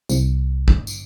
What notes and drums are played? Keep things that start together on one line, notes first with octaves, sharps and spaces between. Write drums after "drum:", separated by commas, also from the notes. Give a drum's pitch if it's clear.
C2, drum: tambourine
drum: kick
drum: tambourine